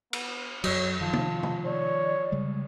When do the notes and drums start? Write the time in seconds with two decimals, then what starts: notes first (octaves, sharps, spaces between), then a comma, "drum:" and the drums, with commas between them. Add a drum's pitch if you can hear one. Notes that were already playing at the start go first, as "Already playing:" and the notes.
0.13 B3, drum: cymbal
0.64 F#2 F#3 C#5, drum: cymbal
1.01 D#3 F3 F4 A5
1.13 drum: tom
1.43 drum: tom
1.65 C#5 D5
2.32 C#3 G3 G#3